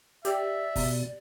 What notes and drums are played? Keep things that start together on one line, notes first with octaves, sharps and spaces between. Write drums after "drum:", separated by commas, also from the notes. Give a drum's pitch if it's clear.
G4 D5 E5, drum: hi-hat
B2, drum: kick, open hi-hat